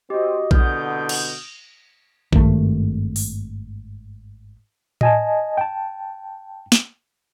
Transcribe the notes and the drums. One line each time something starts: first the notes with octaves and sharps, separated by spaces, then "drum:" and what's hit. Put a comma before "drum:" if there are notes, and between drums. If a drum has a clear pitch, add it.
C4 F#4 G4 D#5
C2 B2 D3 D#6 F6 G6, drum: kick A#1
drum: cymbal
G#1 G2 D#3 A3, drum: kick A#1
drum: open hi-hat
D#5 G#5 A5, drum: tom A2
G5 A5
drum: snare